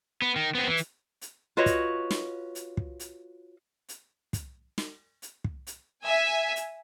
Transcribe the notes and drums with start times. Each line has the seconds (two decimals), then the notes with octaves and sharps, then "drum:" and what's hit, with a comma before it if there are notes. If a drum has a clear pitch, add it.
0.22 B3
0.36 D#3
0.55 B3 C4
0.68 E3
0.77 drum: hi-hat
1.22 drum: hi-hat
1.57 F4 F#4 B4 C#5 D#5
1.66 drum: kick, hi-hat
2.11 drum: snare
2.55 drum: hi-hat
2.77 drum: kick
3.00 drum: hi-hat
3.89 drum: hi-hat
4.33 drum: kick, hi-hat
4.78 drum: snare
5.22 drum: hi-hat
5.44 drum: kick
5.67 drum: hi-hat
6.04 E5 G#5
6.56 drum: hi-hat